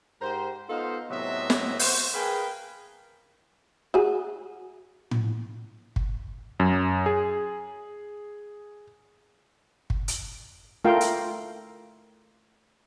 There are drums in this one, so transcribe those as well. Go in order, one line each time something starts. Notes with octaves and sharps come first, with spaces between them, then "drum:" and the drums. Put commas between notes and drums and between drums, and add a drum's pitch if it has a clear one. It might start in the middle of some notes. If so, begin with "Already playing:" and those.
G#2 G4 A#4 C5
B3 D#4 F4 A4 C5 F5
A2 C3 F#3 B3 D#5 E5
drum: snare
F#4 C5, drum: open hi-hat
G#4 A#4 B4 F5 G5 G#5
F#4 G#4
drum: tom A2
drum: kick
F#2
G#4
drum: kick
drum: hi-hat
A3 F4 A#4 F5 G5
drum: hi-hat